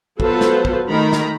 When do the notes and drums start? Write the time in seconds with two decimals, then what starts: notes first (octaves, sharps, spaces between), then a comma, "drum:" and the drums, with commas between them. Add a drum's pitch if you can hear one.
0.20 F#3 B3 F4 A4 B4 C5, drum: kick
0.41 drum: snare
0.65 drum: kick
0.89 D#3 A3 A#4 A#5 B5
1.13 drum: snare